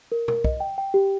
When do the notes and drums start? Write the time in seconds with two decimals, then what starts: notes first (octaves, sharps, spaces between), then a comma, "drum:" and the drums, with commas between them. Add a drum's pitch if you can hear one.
0.12 A#4
0.28 A#4, drum: tom
0.44 D#5, drum: kick
0.60 G5
0.78 G5
0.94 G4